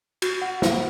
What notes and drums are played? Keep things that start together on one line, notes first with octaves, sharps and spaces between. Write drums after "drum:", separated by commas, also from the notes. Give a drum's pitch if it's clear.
F#4, drum: cymbal
F#5
C5, drum: snare